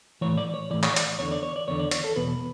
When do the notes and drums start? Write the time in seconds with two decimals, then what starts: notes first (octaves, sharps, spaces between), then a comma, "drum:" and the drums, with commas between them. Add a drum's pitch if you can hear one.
0.21 A2 E3 C#5
0.38 D5
0.54 C#5
0.71 A2 E3 D5
0.83 C#5, drum: clap
0.96 D5, drum: hi-hat
1.19 E2 D3 C#5
1.31 D5
1.43 C#5
1.56 D5
1.68 E2 D3 C#5
1.79 D5
1.91 C#5, drum: hi-hat
2.04 A4
2.16 E2 B2 B4